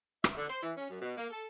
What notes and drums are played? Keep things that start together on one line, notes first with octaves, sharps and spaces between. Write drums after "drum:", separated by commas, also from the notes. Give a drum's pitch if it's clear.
E5, drum: rim click
D3
C5
E3
C#4
F#2
B2
A#3
A4